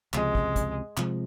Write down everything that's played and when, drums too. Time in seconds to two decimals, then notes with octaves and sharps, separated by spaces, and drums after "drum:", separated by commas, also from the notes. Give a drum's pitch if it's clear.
0.13 C#2 C3 F3 G#3, drum: clap
0.35 drum: kick
0.56 drum: kick, hi-hat
0.97 C3 F3 G#3, drum: clap